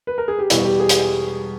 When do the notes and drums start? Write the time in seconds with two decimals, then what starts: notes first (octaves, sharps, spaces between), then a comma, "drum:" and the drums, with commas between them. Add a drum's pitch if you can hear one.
0.07 B4
0.18 A#4
0.28 G#4
0.39 G4
0.50 E2 B2 G3 E4, drum: hi-hat
0.64 G4
0.80 G#4
0.89 drum: hi-hat